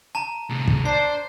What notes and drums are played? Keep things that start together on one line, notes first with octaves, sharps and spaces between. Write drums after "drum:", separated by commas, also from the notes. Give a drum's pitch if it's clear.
A5 A#5
A2 C3
drum: kick
D4 C5 C7